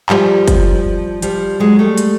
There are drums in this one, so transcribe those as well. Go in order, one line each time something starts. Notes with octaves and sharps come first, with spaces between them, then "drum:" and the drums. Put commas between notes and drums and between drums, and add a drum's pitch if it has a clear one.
F3 G3, drum: clap
drum: kick, hi-hat
F3 G3, drum: hi-hat
F#3 G#3
G3 A3
drum: hi-hat